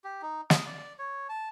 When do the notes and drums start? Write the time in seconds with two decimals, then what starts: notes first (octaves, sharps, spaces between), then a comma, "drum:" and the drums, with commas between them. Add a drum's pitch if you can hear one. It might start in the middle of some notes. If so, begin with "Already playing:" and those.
0.04 G4
0.22 D#4
0.50 D#6, drum: snare
0.66 D5
0.99 C#5
1.29 A5